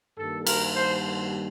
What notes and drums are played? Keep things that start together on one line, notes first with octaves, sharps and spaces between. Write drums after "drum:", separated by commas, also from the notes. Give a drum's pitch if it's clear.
G2 D#3 G3 A#3 A4
A#4, drum: cymbal
C5